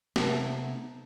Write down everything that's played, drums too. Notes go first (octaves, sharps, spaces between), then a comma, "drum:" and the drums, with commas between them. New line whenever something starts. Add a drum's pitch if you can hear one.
C3 A3 B3 D#4 F#5 G5, drum: snare